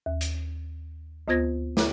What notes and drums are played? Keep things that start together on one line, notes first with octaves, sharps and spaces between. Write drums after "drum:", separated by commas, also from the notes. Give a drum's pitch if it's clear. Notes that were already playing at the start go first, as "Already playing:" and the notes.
D#2
drum: hi-hat
D2 B3 F4 C5 G#6 A#6
E4 C#5 F#6, drum: snare